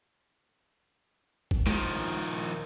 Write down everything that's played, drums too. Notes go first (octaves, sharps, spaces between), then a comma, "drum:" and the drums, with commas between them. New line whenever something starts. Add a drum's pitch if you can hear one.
drum: kick
D#3 F3, drum: snare